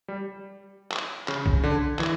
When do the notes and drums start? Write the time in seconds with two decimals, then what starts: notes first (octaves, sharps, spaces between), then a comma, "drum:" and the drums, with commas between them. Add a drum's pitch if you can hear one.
0.08 G3
0.92 drum: clap
1.28 C#3, drum: clap
1.46 drum: kick B1
1.64 D3
1.99 E3, drum: clap